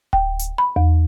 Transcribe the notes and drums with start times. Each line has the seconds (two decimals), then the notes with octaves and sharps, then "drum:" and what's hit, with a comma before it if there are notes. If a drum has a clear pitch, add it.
0.13 G5, drum: kick D1
0.39 drum: hi-hat
0.58 B5
0.76 E2